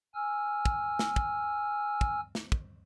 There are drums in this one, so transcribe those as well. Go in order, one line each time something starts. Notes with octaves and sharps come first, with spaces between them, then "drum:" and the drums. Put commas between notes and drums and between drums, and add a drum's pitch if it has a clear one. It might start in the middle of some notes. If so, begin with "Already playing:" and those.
G#5 E6 F6
drum: kick
drum: snare
drum: kick
drum: kick
drum: snare
drum: kick